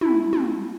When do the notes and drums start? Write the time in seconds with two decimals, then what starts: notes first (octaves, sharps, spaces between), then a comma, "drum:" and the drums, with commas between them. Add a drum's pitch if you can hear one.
0.01 E4, drum: tom
0.33 drum: tom